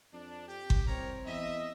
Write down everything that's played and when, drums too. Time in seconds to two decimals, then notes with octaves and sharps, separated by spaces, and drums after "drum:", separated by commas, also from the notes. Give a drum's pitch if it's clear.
0.13 F2 D4
0.48 G4
0.70 drum: kick G1
0.87 C2 C4 A#4 C#5 A#5
1.26 E2 D#5 E5